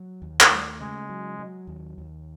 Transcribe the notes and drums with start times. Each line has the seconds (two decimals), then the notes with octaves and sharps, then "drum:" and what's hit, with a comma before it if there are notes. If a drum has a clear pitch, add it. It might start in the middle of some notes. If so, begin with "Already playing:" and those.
Already playing: F#3
0.22 D#2
0.40 drum: clap
0.51 G3 A3
0.81 C#3 G#3
1.09 F#3
1.39 F#3
1.67 D#2
1.98 D#2